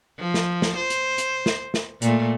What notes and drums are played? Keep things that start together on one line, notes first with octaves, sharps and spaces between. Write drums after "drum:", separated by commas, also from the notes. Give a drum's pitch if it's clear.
F3
drum: snare
drum: snare
C5
drum: hi-hat
drum: hi-hat
drum: snare
drum: snare
A#2 A3, drum: hi-hat